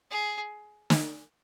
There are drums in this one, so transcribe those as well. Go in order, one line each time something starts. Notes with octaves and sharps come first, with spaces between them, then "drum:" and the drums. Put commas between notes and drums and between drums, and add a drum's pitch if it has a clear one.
G#4
drum: snare